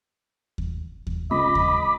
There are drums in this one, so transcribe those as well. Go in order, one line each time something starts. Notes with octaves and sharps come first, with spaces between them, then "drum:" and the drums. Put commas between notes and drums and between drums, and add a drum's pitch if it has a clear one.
drum: kick D#2
drum: kick D#2
C#2 D#5 B5 D6
drum: kick D#2